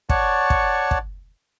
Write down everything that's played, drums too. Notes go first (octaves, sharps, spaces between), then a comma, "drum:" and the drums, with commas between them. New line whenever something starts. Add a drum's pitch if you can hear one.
C#5 D5 F#5 A5 C#6, drum: kick
drum: kick
drum: kick